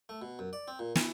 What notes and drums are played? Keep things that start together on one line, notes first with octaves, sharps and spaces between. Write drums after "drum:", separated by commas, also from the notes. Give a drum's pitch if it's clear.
A3
B2
F#2
D5
C4
A#2
E3, drum: snare